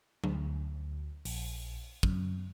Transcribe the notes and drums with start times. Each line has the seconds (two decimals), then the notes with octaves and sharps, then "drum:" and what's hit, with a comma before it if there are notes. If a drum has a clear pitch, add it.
0.24 D2, drum: tom F#3
1.25 A#1, drum: open hi-hat
2.03 F#2, drum: kick